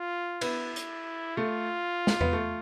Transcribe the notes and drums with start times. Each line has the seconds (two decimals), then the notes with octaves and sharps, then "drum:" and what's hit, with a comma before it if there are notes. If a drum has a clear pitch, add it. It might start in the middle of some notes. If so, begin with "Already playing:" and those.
Already playing: F4
0.41 B3 E4, drum: cymbal
0.76 drum: hi-hat
1.37 A3 F4
2.07 drum: snare
2.21 B3, drum: tom E2
2.33 A3